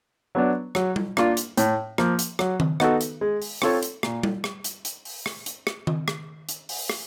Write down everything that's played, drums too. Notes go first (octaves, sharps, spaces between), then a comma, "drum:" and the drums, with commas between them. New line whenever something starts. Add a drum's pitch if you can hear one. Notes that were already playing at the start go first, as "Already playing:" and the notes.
F#3 B3 D4
F#3, drum: rim click
drum: tom G3
A#3 D4 F4, drum: rim click
drum: hi-hat
A2, drum: hi-hat
F3 A#3, drum: rim click
drum: hi-hat
F#3, drum: rim click
drum: tom D#3
B3 D#4 F#4 A4, drum: rim click
drum: hi-hat
G#3
drum: open hi-hat
C4 F4 A4 C#5, drum: rim click
drum: hi-hat
A#2, drum: rim click
drum: tom G3
drum: rim click
drum: hi-hat
drum: hi-hat
drum: open hi-hat
drum: rim click
drum: hi-hat
drum: rim click
drum: tom D#3
drum: rim click
drum: hi-hat
drum: open hi-hat
drum: rim click